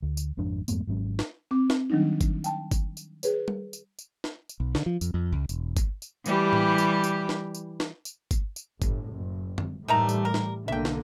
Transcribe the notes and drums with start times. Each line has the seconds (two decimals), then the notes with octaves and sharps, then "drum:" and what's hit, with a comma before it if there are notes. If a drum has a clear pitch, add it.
0.02 D2
0.17 drum: tambourine
0.37 G#1 F2 G#2 D4
0.68 F2 G#2 A3 B3, drum: tambourine
0.87 G#1 G#2 F#3 C#4
1.19 drum: snare
1.51 C4 D6
1.70 drum: snare
1.90 D#3 F#3 G3 D4 D#4
2.21 drum: kick G1, tambourine
2.44 G5 A5, drum: tambourine
2.71 drum: kick G1, tambourine
2.97 drum: tambourine
3.23 G#4 B4 C#5, drum: tambourine
3.48 drum: tom G3
3.73 drum: tambourine
3.99 drum: tambourine
4.24 drum: snare
4.49 drum: tambourine
4.60 B1
4.75 D3, drum: snare
4.86 F3
5.01 F2, drum: tambourine
5.14 F2
5.32 C#2
5.49 E1, drum: tambourine
5.77 drum: kick G1, tambourine
6.02 drum: tambourine
6.26 E3 G3 G4, drum: tambourine
6.53 drum: tom A2
6.78 drum: tambourine
7.04 drum: tambourine
7.29 drum: snare
7.55 drum: tambourine
7.80 drum: snare
8.05 drum: tambourine
8.31 drum: kick G1, tambourine
8.56 drum: tambourine
8.82 G1 A2, drum: kick G1, tambourine
9.14 F#1
9.58 drum: tom
9.88 A2 D#3 E3 G3 A3 A#5
10.09 drum: tambourine
10.25 A#4
10.34 drum: snare
10.68 B1 D3 A#3 E5 G5
10.85 drum: snare